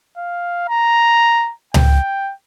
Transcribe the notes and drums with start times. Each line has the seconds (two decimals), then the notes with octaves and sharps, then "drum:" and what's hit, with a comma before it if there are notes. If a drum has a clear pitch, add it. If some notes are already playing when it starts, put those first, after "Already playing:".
0.17 F5
0.69 A#5
1.74 G5, drum: tom C#2